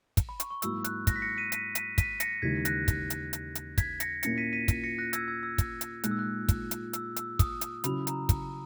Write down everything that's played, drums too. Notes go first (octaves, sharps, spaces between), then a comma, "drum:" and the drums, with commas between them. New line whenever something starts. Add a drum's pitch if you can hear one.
drum: kick, hi-hat
B5
C#6, drum: hi-hat
C#6
G#2 F#3 A#3 E4 E6, drum: hi-hat
F#6, drum: hi-hat
F#6 A#6, drum: kick, hi-hat
B6
A#6 C#7
B6 D#7
B6 D#7, drum: hi-hat
B6 D#7, drum: hi-hat
B6 D#7, drum: kick, hi-hat
A#6 C#7, drum: hi-hat
D#2 C#3 E3 G#3 D#4 G#6 B6
F#6 A#6, drum: hi-hat
drum: kick, hi-hat
drum: hi-hat
drum: hi-hat
drum: hi-hat
G#6 B6, drum: kick, hi-hat
A#6 C#7, drum: hi-hat
A#2 A#3 C#4 E4 A#6 C#7, drum: hi-hat
B6 D#7
B6 D#7
drum: kick, hi-hat
A#6 C#7
F#6 A#6
E6 G#6, drum: hi-hat
E6 G#6
E6 G#6
drum: kick, hi-hat
drum: hi-hat
A#2 G#3 D#4 F#6, drum: hi-hat
E6
F#6
drum: kick, hi-hat
drum: hi-hat
E6, drum: hi-hat
E6, drum: hi-hat
D#6, drum: kick, hi-hat
drum: hi-hat
C#3 F#3 C#4 E4 B5, drum: hi-hat
A#5, drum: hi-hat
drum: kick, hi-hat